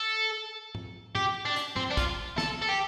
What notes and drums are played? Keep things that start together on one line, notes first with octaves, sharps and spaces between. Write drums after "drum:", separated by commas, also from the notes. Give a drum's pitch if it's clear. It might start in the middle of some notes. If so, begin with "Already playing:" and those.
Already playing: A4
drum: tom G#2
G4, drum: tom G#2
D4
drum: hi-hat
C4, drum: tom G#2
D4
F4, drum: kick, hi-hat
A4, drum: snare
A4
G4